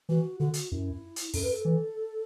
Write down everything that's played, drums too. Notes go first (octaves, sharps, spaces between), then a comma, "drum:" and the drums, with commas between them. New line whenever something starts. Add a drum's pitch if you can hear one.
E3 F#4
D3 F#4
drum: hi-hat
F#2 E4
drum: hi-hat
F#2 A4, drum: open hi-hat
B4
A4
E3